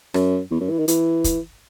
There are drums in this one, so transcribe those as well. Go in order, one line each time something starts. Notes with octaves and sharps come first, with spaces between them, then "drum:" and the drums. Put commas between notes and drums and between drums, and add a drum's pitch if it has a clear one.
F#2, drum: rim click
E2
F#2
E3
D#3
E3, drum: hi-hat
drum: kick, hi-hat